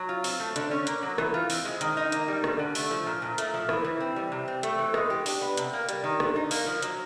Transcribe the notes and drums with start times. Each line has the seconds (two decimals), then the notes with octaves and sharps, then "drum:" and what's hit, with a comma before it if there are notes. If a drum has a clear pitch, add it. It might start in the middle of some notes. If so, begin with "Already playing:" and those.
Already playing: F#3
0.09 F4
0.24 C4, drum: open hi-hat
0.40 A3
0.56 D3, drum: hi-hat
0.71 C#4
0.87 A#3, drum: hi-hat
1.03 F#3
1.18 E3, drum: rim click
1.34 F4
1.50 C4, drum: open hi-hat
1.65 G#3
1.81 D#3, drum: hi-hat
1.97 D#4
2.12 A#3, drum: hi-hat
2.28 G3
2.44 D3, drum: rim click
2.59 D3
2.75 A3, drum: open hi-hat
2.91 F3
3.06 A#2
3.22 A#2
3.38 A3, drum: hi-hat
3.54 F3
3.69 E3, drum: rim click
3.85 E3
4.00 C4
4.16 G3
4.32 C3
4.48 C4
4.63 A3, drum: hi-hat
4.79 E3
4.94 G#3, drum: rim click
5.10 G4
5.26 D4, drum: open hi-hat
5.42 B3
5.57 C3, drum: hi-hat
5.73 A#3
5.89 G3, drum: hi-hat
6.04 D#3
6.20 D3, drum: rim click
6.36 D#4
6.51 A#3, drum: open hi-hat
6.67 F3
6.82 F#3, drum: hi-hat